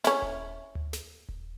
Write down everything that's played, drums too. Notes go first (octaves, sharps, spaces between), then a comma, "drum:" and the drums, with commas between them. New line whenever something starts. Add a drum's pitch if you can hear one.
C#4 E4, drum: snare
drum: kick D#1
drum: tom D2
drum: snare
drum: kick D#1